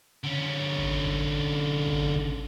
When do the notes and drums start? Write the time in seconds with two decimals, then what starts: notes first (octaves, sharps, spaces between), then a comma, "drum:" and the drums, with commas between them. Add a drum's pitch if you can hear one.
0.24 D3 C#4
0.78 drum: kick G#1
1.06 drum: kick G#1
1.88 drum: kick G#1
2.15 drum: kick G#1